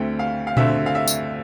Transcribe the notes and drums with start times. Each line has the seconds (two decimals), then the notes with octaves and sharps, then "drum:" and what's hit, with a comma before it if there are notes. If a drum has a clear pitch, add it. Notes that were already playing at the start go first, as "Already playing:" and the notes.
Already playing: D2 D3 A3 C4 G5
0.19 F5
0.47 F5
0.57 D2 D3 A3 C4 E5, drum: tom A#2
0.86 F5
0.95 E5
1.08 drum: tambourine